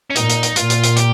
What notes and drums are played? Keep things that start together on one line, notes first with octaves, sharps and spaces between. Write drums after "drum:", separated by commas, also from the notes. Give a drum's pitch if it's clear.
C#4
A#2 D#4, drum: hi-hat
drum: hi-hat
drum: hi-hat
A#2 F4, drum: hi-hat
drum: hi-hat
drum: hi-hat
G4, drum: hi-hat